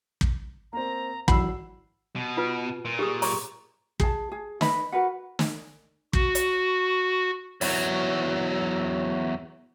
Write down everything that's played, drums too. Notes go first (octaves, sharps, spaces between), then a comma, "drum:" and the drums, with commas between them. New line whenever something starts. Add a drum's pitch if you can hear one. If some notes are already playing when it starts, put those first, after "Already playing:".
drum: kick
A#3 C4 A#5
G#1 E3 F#3 F#5 B5 E6 C7, drum: kick
B2
F4 B4
A#2
G4 G#4 D#6
A#5 C#6 D6, drum: open hi-hat
G#4 A5, drum: kick
G#4
D#4 B4 D#5 B5, drum: snare
F#4 A#4 B4 F#5
drum: snare
F#4, drum: kick
drum: hi-hat
E2 F#3, drum: open hi-hat